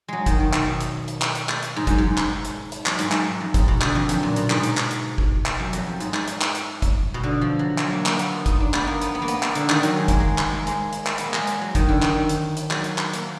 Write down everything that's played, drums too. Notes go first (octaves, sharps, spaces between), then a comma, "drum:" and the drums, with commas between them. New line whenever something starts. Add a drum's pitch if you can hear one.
F#3 G#3
D#3, drum: kick, hi-hat
D#3
B2, drum: clap
drum: hi-hat
drum: hi-hat
drum: clap
drum: hi-hat
drum: clap
drum: hi-hat
G#2
F#2, drum: kick, hi-hat
G#2
drum: clap
drum: hi-hat
drum: hi-hat
F#2, drum: clap
G#2, drum: hi-hat
F#2, drum: clap
F2
G#2, drum: kick, hi-hat
B2
D3, drum: clap
F2
F#2, drum: hi-hat
A#2
B2, drum: hi-hat
G#2, drum: clap
drum: hi-hat
drum: clap
drum: hi-hat
drum: kick
drum: clap
F#2
F2, drum: hi-hat
F#2
G#2, drum: hi-hat
drum: clap
drum: hi-hat
drum: clap
drum: hi-hat
drum: kick, hi-hat
B2
D3
F3
F#3
F#3, drum: clap
A#3
A#3, drum: clap
B3, drum: hi-hat
F4
D#4, drum: kick, hi-hat
D4
B3, drum: clap
A#3
B3, drum: hi-hat
B3
A#3
B3, drum: hi-hat
A#3, drum: clap
D3, drum: hi-hat
D#3, drum: clap
F#3, drum: hi-hat
G#3
A#3, drum: kick, hi-hat
G#3
drum: clap
G#3
A#3
G#3, drum: hi-hat
drum: hi-hat
drum: clap
B3, drum: hi-hat
A#3
G#3, drum: clap
drum: hi-hat
F#3
D#3, drum: kick, hi-hat
D3
D#3, drum: clap
drum: hi-hat
drum: hi-hat
F#3, drum: clap
drum: hi-hat
drum: clap
A#3, drum: hi-hat